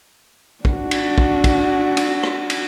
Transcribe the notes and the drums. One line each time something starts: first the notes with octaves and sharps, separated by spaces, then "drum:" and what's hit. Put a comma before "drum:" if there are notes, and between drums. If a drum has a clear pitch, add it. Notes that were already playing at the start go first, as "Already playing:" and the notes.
D4 F#4, drum: kick
drum: cymbal
drum: kick
drum: kick, cymbal
drum: cymbal
drum: rim click
drum: cymbal